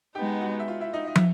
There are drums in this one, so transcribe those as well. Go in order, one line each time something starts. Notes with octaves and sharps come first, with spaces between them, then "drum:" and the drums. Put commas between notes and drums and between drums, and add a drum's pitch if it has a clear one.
G#3 B3 D#4 G4 G5
F#4 F#5
E5
F4 F5
E4 E5
D#4 D#5
D#5
E5, drum: tom